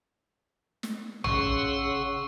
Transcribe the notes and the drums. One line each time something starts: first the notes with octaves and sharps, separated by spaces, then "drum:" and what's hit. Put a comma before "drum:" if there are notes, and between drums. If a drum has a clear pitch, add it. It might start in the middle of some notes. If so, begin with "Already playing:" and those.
drum: snare
C#3 F#5 C6 C#6 E6, drum: tom